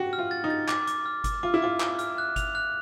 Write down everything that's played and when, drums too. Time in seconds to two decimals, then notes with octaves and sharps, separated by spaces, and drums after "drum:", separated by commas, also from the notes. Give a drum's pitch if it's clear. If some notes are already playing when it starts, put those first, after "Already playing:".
Already playing: F#4 G4
0.13 F6
0.19 F4
0.31 A6
0.44 D#4
0.50 A6
0.68 D6, drum: clap
0.87 D6, drum: hi-hat
1.06 F6
1.24 D6, drum: kick G1, hi-hat
1.43 F4 D6
1.54 E4
1.62 F4 D6
1.80 D6, drum: clap
1.99 F6, drum: hi-hat
2.18 F#6
2.36 F7, drum: kick G1, hi-hat
2.55 F#6